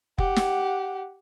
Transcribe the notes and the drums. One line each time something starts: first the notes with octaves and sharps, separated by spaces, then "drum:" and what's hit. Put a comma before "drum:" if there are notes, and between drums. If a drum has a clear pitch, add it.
G4 F#5, drum: kick F1
drum: snare